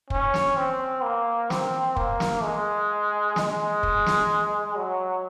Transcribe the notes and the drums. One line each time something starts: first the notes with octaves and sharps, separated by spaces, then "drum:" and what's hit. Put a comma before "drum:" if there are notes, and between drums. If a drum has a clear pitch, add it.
C#4, drum: kick
drum: snare
C4
A#3
C4, drum: snare
A#3, drum: kick
drum: snare
G#3
G#3, drum: snare
drum: kick
drum: snare
F#3